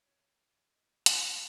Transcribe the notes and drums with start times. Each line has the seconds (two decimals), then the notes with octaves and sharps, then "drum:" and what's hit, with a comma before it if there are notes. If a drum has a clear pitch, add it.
0.01 C#5
0.72 D#5
1.06 drum: hi-hat